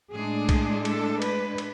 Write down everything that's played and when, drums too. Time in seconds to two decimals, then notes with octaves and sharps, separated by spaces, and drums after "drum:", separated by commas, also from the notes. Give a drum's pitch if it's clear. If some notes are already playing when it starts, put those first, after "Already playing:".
0.12 A2 G#3 D4 G#4
0.49 drum: kick B1, cymbal
0.85 A4, drum: cymbal
1.22 B4, drum: cymbal
1.58 drum: cymbal